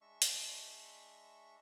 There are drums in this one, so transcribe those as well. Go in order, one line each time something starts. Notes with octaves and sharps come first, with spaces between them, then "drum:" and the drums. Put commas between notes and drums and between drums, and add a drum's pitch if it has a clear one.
G#3 D4 E5 C#6
drum: hi-hat